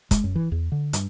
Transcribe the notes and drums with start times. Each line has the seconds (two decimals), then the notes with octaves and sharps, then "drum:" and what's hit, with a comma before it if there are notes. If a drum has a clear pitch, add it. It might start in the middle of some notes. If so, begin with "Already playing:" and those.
0.11 G#3, drum: kick, hi-hat
0.24 F#2
0.36 E3
0.52 E2
0.72 D3
0.93 G2, drum: hi-hat